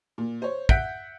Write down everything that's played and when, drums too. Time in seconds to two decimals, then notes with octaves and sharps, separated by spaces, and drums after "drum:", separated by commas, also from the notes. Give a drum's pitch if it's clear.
0.18 A#2
0.42 C5 C#5
0.69 E5 F#5 F#6 G6 B6 D7, drum: kick